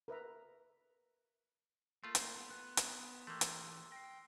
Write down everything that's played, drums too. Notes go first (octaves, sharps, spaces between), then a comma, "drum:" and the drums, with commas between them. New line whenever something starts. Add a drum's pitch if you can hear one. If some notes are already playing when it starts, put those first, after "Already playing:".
A#4 B4 E5 A#5
A3 A#3 F4 C6
drum: hi-hat
B3
B3 F#6
D#6, drum: hi-hat
E3 A3 A#3 G4 C6 E6
drum: hi-hat
G5 A#6 C7